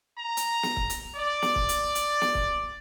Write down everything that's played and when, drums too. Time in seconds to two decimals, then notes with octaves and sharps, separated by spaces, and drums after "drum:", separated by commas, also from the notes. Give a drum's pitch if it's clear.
0.18 A#5
0.37 drum: hi-hat
0.63 drum: snare
0.76 drum: kick
0.90 drum: hi-hat
1.16 D5
1.42 drum: snare
1.56 drum: kick
1.69 drum: hi-hat
1.95 drum: hi-hat
2.21 drum: snare
2.35 drum: kick